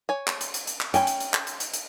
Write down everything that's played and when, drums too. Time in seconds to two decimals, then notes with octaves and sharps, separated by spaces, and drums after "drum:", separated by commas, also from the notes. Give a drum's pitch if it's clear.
0.09 C#5 G#5
0.27 drum: clap
0.41 drum: hi-hat
0.54 drum: hi-hat
0.67 drum: hi-hat
0.81 drum: clap
0.94 C#4 G5 G#5 B5, drum: hi-hat
1.07 drum: hi-hat
1.20 drum: hi-hat
1.34 drum: clap
1.47 drum: hi-hat
1.60 drum: hi-hat
1.73 drum: hi-hat